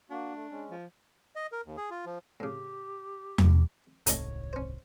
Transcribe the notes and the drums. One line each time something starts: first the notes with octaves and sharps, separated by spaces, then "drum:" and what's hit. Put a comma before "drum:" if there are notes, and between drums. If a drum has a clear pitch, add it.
A#3 D4 F#4
A3
G#3 C#4
F3
D#5
A#4
D#2
G#4
F4
F3
A2 C#3 G4
drum: tom E2
D#1 C2 G#2 A3 C#4 C#5 D#5, drum: hi-hat
C#4 C5